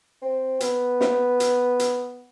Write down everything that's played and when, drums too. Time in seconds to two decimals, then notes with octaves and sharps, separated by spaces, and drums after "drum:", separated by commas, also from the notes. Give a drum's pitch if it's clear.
0.22 C4
0.60 B3, drum: hi-hat
1.01 drum: snare
1.40 drum: hi-hat
1.79 drum: hi-hat